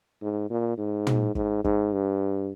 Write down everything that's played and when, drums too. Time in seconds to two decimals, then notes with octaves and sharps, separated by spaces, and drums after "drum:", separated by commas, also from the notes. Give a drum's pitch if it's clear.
0.22 G#2
0.50 A#2
0.78 G#2
1.07 drum: tom
1.35 G#2, drum: kick
1.64 G#2, drum: kick
1.93 G2